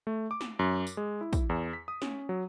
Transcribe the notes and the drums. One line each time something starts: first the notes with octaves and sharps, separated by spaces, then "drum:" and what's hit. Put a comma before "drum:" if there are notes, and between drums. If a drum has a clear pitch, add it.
A3
D6
drum: snare
F#2
drum: tambourine
G#3
E4
drum: kick, tambourine
E2
B6
D#6
C#4, drum: snare
F#3